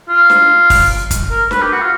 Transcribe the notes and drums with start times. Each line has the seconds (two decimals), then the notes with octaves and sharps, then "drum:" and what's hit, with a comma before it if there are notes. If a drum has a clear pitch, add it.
0.09 F4
0.30 drum: snare
0.70 drum: kick, open hi-hat
1.11 drum: kick, hi-hat
1.30 A#4
1.51 B4, drum: snare
1.62 G4
1.72 F#4
1.82 F4